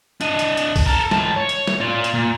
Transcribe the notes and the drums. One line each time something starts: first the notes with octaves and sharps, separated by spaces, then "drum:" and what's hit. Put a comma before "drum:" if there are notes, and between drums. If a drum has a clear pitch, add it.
D4 D#5, drum: hi-hat
drum: hi-hat
drum: hi-hat
drum: kick, open hi-hat
A4 A#4
G#2 A5, drum: snare
C#5
drum: hi-hat
drum: snare
F4 D5
drum: hi-hat
A#2